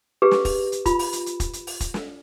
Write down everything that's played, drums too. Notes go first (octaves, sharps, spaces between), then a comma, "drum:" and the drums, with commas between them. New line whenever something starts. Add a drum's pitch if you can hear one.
G4 G#4 B4
drum: snare
drum: kick, open hi-hat
drum: hi-hat
F4 B5, drum: kick, hi-hat
drum: open hi-hat
drum: hi-hat
drum: hi-hat
drum: kick, hi-hat
drum: hi-hat
drum: open hi-hat
drum: kick, hi-hat
drum: snare